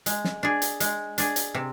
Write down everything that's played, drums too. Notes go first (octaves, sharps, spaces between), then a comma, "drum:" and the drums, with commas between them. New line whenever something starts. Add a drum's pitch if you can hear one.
G#3, drum: hi-hat
drum: snare
D4 G#4
drum: hi-hat
G#3, drum: hi-hat
D4 G#4, drum: hi-hat
drum: hi-hat
C3